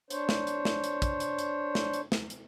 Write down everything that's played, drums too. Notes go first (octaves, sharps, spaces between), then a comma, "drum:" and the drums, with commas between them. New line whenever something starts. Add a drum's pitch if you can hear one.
D4 C5 C#5, drum: hi-hat
drum: snare
drum: hi-hat
drum: snare
drum: hi-hat
drum: kick, hi-hat
drum: hi-hat
drum: hi-hat
drum: snare
drum: hi-hat
drum: snare
drum: hi-hat